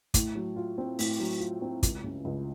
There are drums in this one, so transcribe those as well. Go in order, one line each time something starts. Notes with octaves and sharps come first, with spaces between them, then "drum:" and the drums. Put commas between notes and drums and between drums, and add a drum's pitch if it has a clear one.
A2, drum: kick, hi-hat
F#3
F4
C4
A2, drum: open hi-hat
F#3
F4
C4
C#2, drum: kick, hi-hat
C#3
C#2